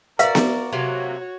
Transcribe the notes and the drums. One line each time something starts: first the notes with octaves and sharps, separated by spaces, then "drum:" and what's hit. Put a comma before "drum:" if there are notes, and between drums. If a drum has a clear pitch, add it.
F#4 A#4 B4 D5 E5 F5, drum: hi-hat
drum: snare B3
C3 F#3 A#3 F#4 C#5